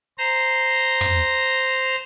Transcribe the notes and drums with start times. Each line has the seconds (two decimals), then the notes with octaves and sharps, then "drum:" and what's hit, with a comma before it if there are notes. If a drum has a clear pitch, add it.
0.18 C5 A#5
1.01 drum: tom